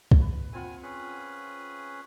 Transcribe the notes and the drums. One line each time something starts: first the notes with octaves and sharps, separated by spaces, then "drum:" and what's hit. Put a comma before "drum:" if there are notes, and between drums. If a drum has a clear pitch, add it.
drum: kick
B4
D#2 C4 F4 F#5 G#5
C#4 G#4 B4